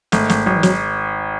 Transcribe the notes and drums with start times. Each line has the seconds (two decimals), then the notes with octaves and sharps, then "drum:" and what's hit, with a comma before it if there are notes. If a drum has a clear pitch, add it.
0.12 G#1 A3, drum: snare
0.29 G#1, drum: snare
0.46 G#1 F#3
0.55 E3
0.63 F#3, drum: snare